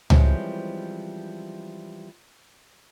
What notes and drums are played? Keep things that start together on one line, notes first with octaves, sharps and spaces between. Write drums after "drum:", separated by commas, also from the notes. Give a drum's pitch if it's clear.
E3 F3 G3 G#3 C4 C#4, drum: tom C#2